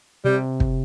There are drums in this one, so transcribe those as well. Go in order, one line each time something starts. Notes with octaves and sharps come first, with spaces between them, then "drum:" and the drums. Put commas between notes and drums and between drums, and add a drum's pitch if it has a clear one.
C3 G3
drum: kick